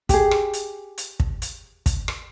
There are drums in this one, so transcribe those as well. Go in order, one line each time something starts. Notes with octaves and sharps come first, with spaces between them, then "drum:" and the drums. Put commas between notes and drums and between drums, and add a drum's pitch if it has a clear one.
G4 G#4, drum: kick, hi-hat
drum: rim click
drum: hi-hat
drum: hi-hat
drum: kick
drum: hi-hat
drum: kick, hi-hat
drum: rim click